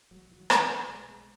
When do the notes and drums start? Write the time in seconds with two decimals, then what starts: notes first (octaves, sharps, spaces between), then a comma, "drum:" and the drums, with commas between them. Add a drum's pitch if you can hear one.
0.11 B1 F#3
0.31 E3
0.36 F#3
0.50 B2, drum: rim click
0.58 E3
0.63 F#3
0.88 B1 G#3
1.08 G#3